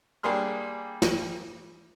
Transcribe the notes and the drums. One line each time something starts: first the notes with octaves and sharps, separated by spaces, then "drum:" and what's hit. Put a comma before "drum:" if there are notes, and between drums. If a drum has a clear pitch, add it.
G3 A#3 D4 G#4 C6 F6
drum: snare